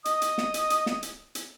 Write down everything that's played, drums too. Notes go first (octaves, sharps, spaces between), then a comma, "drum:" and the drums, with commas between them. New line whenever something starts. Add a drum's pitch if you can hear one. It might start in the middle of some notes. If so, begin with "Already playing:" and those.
D#5 D#6, drum: hi-hat
drum: hi-hat
drum: snare
drum: hi-hat
drum: hi-hat
drum: snare
drum: hi-hat
drum: hi-hat